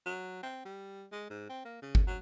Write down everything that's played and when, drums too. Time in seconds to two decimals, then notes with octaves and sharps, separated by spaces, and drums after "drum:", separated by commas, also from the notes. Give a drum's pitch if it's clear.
0.06 F#3
0.43 C4
0.65 G3
1.12 G#3
1.30 G#2
1.49 C4
1.65 A#3
1.82 C#3
1.95 drum: kick G1
2.07 F#3